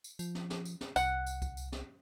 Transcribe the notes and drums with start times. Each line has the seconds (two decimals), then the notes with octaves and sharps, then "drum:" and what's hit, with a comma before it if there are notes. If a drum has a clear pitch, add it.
0.04 drum: tambourine
0.19 F3, drum: tambourine
0.35 drum: snare
0.50 drum: snare
0.65 drum: tambourine
0.81 drum: snare
0.96 C2 F#5, drum: tambourine
1.27 drum: tambourine
1.42 drum: kick C#2, tambourine
1.57 drum: tambourine
1.72 drum: snare